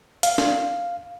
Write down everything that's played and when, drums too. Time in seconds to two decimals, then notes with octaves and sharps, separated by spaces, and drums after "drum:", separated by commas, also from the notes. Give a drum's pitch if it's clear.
0.23 F5, drum: hi-hat
0.38 drum: snare